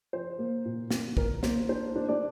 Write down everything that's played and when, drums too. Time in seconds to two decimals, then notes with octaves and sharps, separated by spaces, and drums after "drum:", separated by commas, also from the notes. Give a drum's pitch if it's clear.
0.13 F3 C5
0.39 A#3
0.65 A#2
0.91 A#3, drum: snare
1.17 A#2 A#4, drum: kick
1.43 A#3 C5, drum: snare
1.69 D4 C5
1.96 D4
2.09 D4 D5